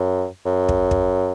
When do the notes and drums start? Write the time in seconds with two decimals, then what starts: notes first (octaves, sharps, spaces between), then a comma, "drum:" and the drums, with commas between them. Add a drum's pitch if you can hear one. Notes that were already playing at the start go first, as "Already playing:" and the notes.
Already playing: F#2
0.46 F#2
0.69 drum: kick
0.91 drum: kick